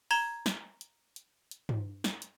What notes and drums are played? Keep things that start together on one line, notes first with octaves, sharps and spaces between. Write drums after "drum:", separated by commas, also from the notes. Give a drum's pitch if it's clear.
A#5 G#6 E7 G7, drum: open hi-hat
drum: snare
drum: hi-hat
drum: hi-hat
drum: hi-hat
drum: tom G2
drum: snare
drum: hi-hat